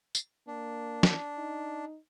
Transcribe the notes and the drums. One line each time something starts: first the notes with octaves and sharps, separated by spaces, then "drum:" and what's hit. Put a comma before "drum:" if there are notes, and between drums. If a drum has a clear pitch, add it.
drum: tambourine
A#3 D4
drum: snare
D#4